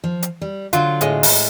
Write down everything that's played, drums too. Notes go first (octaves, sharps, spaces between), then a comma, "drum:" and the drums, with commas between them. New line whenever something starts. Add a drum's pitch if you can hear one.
F3
drum: hi-hat
G3
D3 F#3 F4, drum: hi-hat
A2 G#3 D#5, drum: hi-hat
drum: open hi-hat